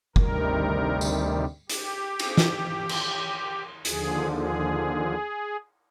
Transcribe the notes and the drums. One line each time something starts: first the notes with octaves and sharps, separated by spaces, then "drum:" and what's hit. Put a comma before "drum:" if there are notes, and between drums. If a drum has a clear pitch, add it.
D2 C3 D#3 G3 A#4, drum: kick F#1
drum: tambourine
G4, drum: hi-hat
drum: cymbal
drum: snare
drum: cymbal
D#2 D3 F3 G#4, drum: hi-hat
G#4